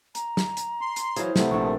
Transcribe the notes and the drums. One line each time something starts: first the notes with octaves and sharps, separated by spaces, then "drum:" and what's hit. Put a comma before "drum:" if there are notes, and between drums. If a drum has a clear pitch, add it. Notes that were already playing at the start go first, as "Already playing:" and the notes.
A#5, drum: hi-hat
drum: snare
drum: hi-hat
C6
drum: hi-hat
E3 F#3 G#4 C5 F5, drum: hi-hat
C3 A3 B3, drum: snare
A#1 D4 C#6